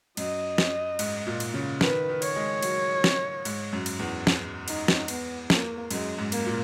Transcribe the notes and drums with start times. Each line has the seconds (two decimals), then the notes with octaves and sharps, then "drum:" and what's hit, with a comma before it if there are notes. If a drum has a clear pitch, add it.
0.17 F#2 D#5, drum: cymbal
0.58 drum: snare
0.99 G#2, drum: cymbal
1.27 A#2
1.40 drum: cymbal
1.54 C#3
1.81 D#3 B4, drum: snare
2.09 D#3
2.22 C#5, drum: cymbal
2.36 G#3
2.62 F#3, drum: cymbal
3.04 drum: snare
3.45 G#2, drum: cymbal
3.73 F#2
3.86 drum: cymbal
3.99 E2
4.27 drum: snare
4.68 D#4, drum: cymbal
4.88 drum: snare
5.08 B3, drum: cymbal
5.50 A#3, drum: snare
5.91 F#2 G#3, drum: cymbal
6.18 G#2
6.32 A#3, drum: cymbal
6.46 A#2